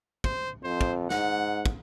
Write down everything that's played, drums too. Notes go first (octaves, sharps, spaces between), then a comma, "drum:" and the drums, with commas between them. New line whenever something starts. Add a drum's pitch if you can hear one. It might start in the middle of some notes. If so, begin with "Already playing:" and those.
C5, drum: kick
F2 C5
drum: kick
G#2 F#5, drum: snare
drum: kick